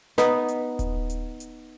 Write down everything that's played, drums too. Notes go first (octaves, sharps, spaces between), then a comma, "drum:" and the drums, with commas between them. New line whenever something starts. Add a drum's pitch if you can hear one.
B3 D#4 B4, drum: snare
drum: hi-hat
drum: kick D#1, hi-hat
drum: hi-hat
drum: hi-hat